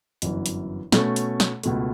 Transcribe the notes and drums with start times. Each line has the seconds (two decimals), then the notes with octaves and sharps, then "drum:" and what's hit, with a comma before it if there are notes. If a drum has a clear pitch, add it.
0.22 G1 F#2 E3, drum: hi-hat
0.46 drum: hi-hat
0.92 B2 A3 C#4, drum: snare
1.16 drum: hi-hat
1.40 drum: snare
1.63 C#2 B2 A3, drum: hi-hat